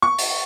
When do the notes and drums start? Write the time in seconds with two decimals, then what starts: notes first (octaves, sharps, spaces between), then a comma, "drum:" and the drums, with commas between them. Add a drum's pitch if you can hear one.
0.02 C#6
0.18 drum: open hi-hat